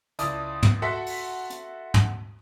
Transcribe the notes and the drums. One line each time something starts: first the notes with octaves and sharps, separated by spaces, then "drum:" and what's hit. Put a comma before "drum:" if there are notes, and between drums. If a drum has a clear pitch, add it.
C#2 E4 D5 A5 D#6, drum: hi-hat
drum: tom
F#4 A4 E5 F#5 C6 B6
drum: open hi-hat
drum: hi-hat
drum: tom